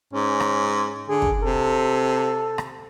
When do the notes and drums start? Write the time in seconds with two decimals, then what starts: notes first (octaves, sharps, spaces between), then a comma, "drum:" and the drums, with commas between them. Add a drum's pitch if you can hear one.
0.13 G#2 C#4
0.40 drum: rim click
1.09 D3 G#4
1.22 drum: kick
1.43 C3 A4
2.58 drum: rim click